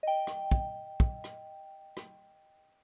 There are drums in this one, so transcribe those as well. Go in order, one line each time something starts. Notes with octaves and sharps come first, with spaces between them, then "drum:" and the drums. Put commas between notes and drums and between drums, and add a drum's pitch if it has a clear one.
D#5 G5
drum: rim click
drum: kick
drum: kick
drum: rim click
drum: rim click